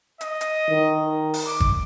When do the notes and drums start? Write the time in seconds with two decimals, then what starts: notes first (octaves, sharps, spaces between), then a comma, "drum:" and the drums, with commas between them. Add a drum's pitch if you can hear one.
0.21 D#5, drum: hi-hat
0.41 drum: hi-hat
0.69 D#3
1.34 drum: open hi-hat
1.47 D6
1.60 drum: kick